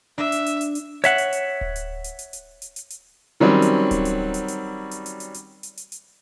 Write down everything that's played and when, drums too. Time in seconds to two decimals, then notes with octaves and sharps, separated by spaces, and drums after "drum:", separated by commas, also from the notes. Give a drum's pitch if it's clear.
0.18 D4 E5
0.32 drum: hi-hat
0.46 drum: hi-hat
0.61 drum: hi-hat
0.75 drum: hi-hat
1.04 C#5 E5 F#5, drum: hi-hat
1.18 drum: hi-hat
1.33 drum: hi-hat
1.61 drum: kick D1
1.76 drum: hi-hat
2.04 drum: hi-hat
2.19 drum: hi-hat
2.33 drum: hi-hat
2.62 drum: hi-hat
2.76 drum: hi-hat
2.90 drum: hi-hat
3.40 D#3 F#3 G3 C4 C#4
3.62 drum: hi-hat
3.91 drum: kick D1, hi-hat
4.05 drum: hi-hat
4.34 drum: hi-hat
4.48 drum: hi-hat
4.91 drum: hi-hat
5.06 drum: hi-hat
5.20 drum: hi-hat
5.34 drum: hi-hat
5.63 drum: hi-hat
5.77 drum: hi-hat
5.92 drum: hi-hat